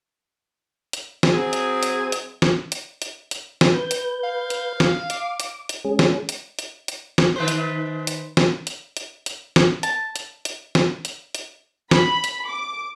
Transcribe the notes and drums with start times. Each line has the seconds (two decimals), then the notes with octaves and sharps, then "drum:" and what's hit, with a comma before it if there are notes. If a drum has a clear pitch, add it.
0.93 drum: hi-hat
1.23 drum: snare
1.33 F#3 C4 G#4
1.53 drum: hi-hat
1.83 drum: hi-hat
2.12 drum: hi-hat
2.42 drum: snare
2.72 drum: hi-hat
3.02 drum: hi-hat
3.31 drum: hi-hat
3.61 drum: snare
3.74 B4 G6
3.91 drum: hi-hat
4.24 F5
4.50 drum: hi-hat
4.80 drum: snare
5.10 D6, drum: hi-hat
5.40 drum: hi-hat
5.69 drum: hi-hat
5.85 G#3 C#4 G#4
5.99 drum: snare
6.29 drum: hi-hat
6.59 drum: hi-hat
6.88 drum: hi-hat
7.18 drum: snare
7.36 D#3 B4 C5
7.48 drum: hi-hat
8.07 drum: hi-hat
8.37 drum: snare
8.67 drum: hi-hat
8.97 drum: hi-hat
9.26 drum: hi-hat
9.56 drum: snare
9.83 A5, drum: hi-hat
10.16 drum: hi-hat
10.45 drum: hi-hat
10.75 drum: snare
11.05 drum: hi-hat
11.35 drum: hi-hat
11.91 B5, drum: snare
12.24 drum: hi-hat
12.48 D6